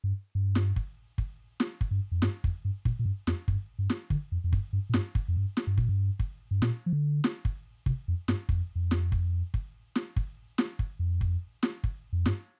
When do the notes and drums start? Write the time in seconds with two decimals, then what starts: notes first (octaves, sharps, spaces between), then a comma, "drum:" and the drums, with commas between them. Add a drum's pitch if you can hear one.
0.04 G2
0.35 G2
0.55 drum: snare
0.76 drum: kick
1.18 drum: kick
1.60 drum: snare
1.81 drum: kick
1.91 G2
2.12 F2
2.22 G2, drum: snare
2.44 F2, drum: kick
2.65 G2
2.85 A#2, drum: kick
2.99 A#2
3.05 G2
3.27 F2, drum: snare
3.48 G2, drum: kick
3.79 G2
3.90 drum: snare
4.10 D3, drum: kick
4.32 F2
4.44 F2
4.53 G2, drum: kick
4.73 G2
4.89 A#2
4.94 G2, drum: snare
5.15 drum: kick
5.28 F2
5.36 G2
5.57 drum: snare
5.67 G2
5.77 A#2, drum: kick
5.89 G2
6.19 drum: kick
6.51 G2
6.62 A#2, drum: snare
6.86 F3
6.93 D3
7.24 drum: snare
7.45 drum: kick
7.86 C3, drum: kick
8.08 F2
8.28 G2, drum: snare
8.49 F2, drum: kick
8.75 F2
8.91 drum: snare
9.12 drum: kick
9.54 drum: kick
9.96 drum: snare
10.16 drum: kick
10.58 drum: snare
10.79 drum: kick
10.99 F2
11.21 drum: kick
11.63 drum: snare
11.84 drum: kick
12.13 F2
12.26 G2, drum: snare